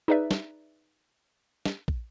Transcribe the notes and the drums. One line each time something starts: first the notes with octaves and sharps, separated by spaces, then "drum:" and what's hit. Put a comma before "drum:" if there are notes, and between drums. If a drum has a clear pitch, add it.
D#4 G#4 B4 D5 E5
drum: snare
drum: snare
drum: kick